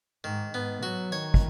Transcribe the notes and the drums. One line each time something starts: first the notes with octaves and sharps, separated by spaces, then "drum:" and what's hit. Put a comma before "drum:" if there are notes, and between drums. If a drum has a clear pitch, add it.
G#2 D#3
G#2 B3
F#3 F#4
D#3 C#5
drum: kick